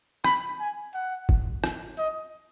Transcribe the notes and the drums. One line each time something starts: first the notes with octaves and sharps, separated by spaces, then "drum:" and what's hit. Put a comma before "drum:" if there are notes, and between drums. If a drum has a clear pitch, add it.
B5, drum: rim click
G#5
F#5
drum: kick
drum: rim click
D#5